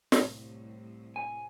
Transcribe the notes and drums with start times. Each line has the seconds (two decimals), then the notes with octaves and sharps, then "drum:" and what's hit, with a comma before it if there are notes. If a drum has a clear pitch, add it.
0.12 C2 A2, drum: snare
1.16 G#5